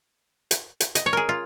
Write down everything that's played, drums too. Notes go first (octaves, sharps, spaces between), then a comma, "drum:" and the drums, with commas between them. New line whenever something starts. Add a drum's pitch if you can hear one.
drum: hi-hat
drum: hi-hat
D#5, drum: hi-hat
C#5
G#4 A#4
F4